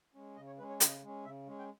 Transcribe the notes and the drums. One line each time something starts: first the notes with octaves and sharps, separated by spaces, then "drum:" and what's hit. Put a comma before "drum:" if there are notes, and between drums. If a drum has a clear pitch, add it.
G#3 C#4
C#3 D#5
C#5
G#3 C#4 B4
C#5
C#3 D#5, drum: hi-hat
G#3 C#4
C#3 E5
G#3 C#4
G5